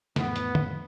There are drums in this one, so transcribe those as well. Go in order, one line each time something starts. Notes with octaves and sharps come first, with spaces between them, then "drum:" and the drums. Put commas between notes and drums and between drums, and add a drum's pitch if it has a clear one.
F2 A2 E3 B3, drum: snare
drum: hi-hat
drum: tom